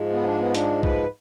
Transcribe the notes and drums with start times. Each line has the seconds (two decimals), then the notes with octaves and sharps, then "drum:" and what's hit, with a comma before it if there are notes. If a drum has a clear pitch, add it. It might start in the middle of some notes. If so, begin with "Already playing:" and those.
Already playing: G#2 F3 G#3
0.12 B3
0.25 D4
0.39 B3
0.55 D4, drum: hi-hat
0.83 B4, drum: kick B1